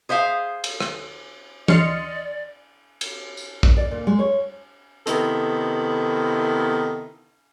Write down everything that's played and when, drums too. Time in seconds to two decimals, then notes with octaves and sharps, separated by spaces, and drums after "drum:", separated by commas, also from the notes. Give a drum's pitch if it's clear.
0.09 G#4 C5 E5 F5
0.64 drum: cymbal
0.80 drum: rim click
1.68 D5 D#5 C6 F6 C#7, drum: tom E3
3.01 drum: cymbal
3.37 drum: tambourine
3.63 D4, drum: kick
3.77 D5
3.91 A#2
4.07 G#3
4.19 C#5
5.07 C3 D#3 B3 E4 A4, drum: hi-hat